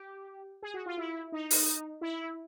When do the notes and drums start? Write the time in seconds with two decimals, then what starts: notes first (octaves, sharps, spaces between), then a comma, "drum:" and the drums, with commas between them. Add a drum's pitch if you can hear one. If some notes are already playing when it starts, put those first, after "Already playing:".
Already playing: G4
0.62 G#4
0.74 F#4
0.86 F4
0.97 E4
1.32 D#4
1.51 drum: open hi-hat
2.01 E4